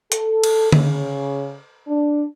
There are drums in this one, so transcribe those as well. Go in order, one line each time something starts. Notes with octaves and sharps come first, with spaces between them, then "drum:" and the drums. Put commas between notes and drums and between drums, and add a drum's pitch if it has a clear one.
A4, drum: hi-hat
drum: cymbal
C#3, drum: tom D3
D4